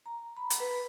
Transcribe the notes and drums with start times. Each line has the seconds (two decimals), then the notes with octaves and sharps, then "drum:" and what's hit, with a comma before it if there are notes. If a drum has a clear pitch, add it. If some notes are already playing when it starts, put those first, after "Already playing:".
0.06 A#5
0.37 B5
0.50 drum: hi-hat
0.60 B4